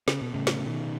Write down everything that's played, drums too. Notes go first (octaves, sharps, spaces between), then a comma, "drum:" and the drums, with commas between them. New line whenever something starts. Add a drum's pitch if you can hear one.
C#3, drum: snare
B2
A2 C#3
drum: snare
C#3
B2 D#3